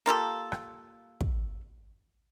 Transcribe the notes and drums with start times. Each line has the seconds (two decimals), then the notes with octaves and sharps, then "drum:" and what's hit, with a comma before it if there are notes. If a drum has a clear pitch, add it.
0.06 A#3 F4 G4 A4
0.52 drum: rim click
1.21 drum: kick